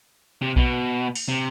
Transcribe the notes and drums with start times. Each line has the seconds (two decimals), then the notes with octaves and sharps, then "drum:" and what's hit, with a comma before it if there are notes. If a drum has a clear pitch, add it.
0.42 C3
0.56 B2, drum: kick A#1
1.15 drum: open hi-hat
1.28 C3